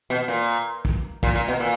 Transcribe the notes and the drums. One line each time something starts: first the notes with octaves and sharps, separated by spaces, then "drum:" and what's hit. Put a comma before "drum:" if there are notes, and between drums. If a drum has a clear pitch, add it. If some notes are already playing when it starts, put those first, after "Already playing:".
B2
A#2
drum: kick
A#2, drum: kick
A#2
B2
A#2